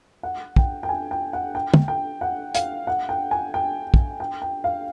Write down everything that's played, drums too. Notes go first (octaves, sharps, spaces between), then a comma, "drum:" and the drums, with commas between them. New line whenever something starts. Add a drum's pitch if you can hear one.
F#5
G5, drum: kick
G5
G#5
G5
F#5
G5
drum: tom
G5
F#5
F5, drum: hi-hat
F#5
G5
G#5
G5
drum: kick
G5
G5
F5